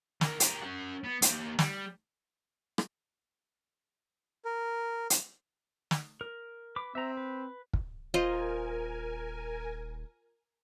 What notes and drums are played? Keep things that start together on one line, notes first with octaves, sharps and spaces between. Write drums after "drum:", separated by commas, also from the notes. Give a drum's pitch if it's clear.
D3 A#4, drum: snare
G4 A#4, drum: hi-hat
C#4 F#5
B3
A#3 G4, drum: hi-hat
G3, drum: snare
drum: rim click
A#4
drum: hi-hat
drum: snare
A#4
B4 D6
C4 E5 A#5
B4
drum: kick
D#1 F4 A#4 C5 D#5 G#5